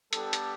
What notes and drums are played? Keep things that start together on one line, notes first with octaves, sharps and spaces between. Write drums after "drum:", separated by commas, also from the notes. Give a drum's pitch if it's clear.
G3 B3 D4 G4 A4, drum: hi-hat
drum: hi-hat